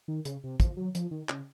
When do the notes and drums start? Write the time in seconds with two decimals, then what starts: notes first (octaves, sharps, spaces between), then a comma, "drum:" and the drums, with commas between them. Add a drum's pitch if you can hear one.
0.08 D#3
0.25 C#3, drum: hi-hat
0.44 C3
0.60 F3, drum: kick, hi-hat
0.77 F#3
0.95 F3, drum: hi-hat
1.11 D#3
1.29 C#3, drum: clap